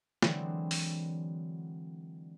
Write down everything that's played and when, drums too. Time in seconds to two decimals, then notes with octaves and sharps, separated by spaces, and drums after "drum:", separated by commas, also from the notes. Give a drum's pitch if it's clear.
0.22 D3 E3 F#3 G#3 C4 D4, drum: snare
0.71 drum: open hi-hat